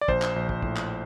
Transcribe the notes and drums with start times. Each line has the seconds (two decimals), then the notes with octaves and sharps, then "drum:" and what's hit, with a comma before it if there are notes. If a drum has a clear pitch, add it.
0.01 D5
0.08 A#1 C5, drum: kick
0.22 drum: clap
0.36 A#1
0.49 drum: kick
0.63 A2, drum: kick
0.76 drum: clap